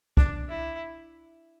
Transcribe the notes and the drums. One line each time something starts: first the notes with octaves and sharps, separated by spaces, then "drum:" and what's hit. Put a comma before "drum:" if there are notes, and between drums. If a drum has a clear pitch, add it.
D4, drum: kick
E4